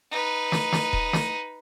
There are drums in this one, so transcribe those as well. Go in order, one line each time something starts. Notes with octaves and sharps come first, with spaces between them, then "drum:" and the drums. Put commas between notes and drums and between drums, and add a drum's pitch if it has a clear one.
D#4 B4
drum: snare
drum: snare
drum: kick D#1
drum: snare